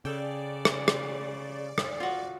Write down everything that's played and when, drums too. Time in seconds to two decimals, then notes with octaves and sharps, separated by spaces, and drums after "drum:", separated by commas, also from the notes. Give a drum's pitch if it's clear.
0.05 C#3 A4 D5 G5
0.65 drum: rim click
0.88 drum: rim click
1.78 drum: rim click
2.00 F4 F#4